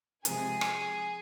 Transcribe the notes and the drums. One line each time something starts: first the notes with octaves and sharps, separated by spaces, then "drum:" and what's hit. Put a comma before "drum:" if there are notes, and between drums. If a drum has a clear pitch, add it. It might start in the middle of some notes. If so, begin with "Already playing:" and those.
C3 F3 G#3 G#4 G#5, drum: hi-hat
drum: rim click